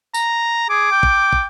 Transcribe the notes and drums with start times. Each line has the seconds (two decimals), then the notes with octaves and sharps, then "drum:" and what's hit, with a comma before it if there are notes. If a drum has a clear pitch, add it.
0.14 A#5, drum: tambourine
0.69 G#4 D6
0.92 G5
1.03 drum: kick
1.33 drum: kick